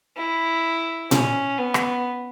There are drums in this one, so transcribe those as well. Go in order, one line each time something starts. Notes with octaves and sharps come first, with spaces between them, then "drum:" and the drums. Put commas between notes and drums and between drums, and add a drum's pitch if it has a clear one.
E4
C#4, drum: tom A#2
B3
drum: rim click